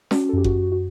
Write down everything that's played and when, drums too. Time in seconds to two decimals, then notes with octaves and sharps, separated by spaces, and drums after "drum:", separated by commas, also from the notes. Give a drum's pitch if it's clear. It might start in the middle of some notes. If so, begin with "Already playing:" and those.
0.11 C#4 F#4, drum: snare
0.29 A4
0.33 F#2 G4
0.44 F#4, drum: kick F#1
0.56 F#2
0.72 F#4